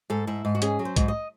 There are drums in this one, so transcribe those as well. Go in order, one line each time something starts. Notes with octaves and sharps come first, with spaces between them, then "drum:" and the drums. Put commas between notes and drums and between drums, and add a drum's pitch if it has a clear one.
G#2 A4
G#2 E4
G#2
F#4
C#4 G#4, drum: hi-hat
F#3
C5
G#2, drum: kick B1, hi-hat
D#5